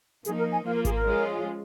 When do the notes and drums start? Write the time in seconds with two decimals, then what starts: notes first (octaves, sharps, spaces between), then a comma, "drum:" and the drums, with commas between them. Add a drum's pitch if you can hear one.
0.25 F3 A#3 D#4 G#4, drum: hi-hat
0.38 A#4
0.51 G#5
0.65 F3 A#3 F4 F5
0.74 A#4
0.85 G#4, drum: kick G#1, hi-hat
0.95 A#4
1.06 F3 G#3 C#4 F4